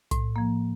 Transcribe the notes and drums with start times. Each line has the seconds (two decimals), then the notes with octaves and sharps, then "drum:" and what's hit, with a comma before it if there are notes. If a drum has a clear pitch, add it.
0.11 A2, drum: kick B1, hi-hat
0.36 F3 A#3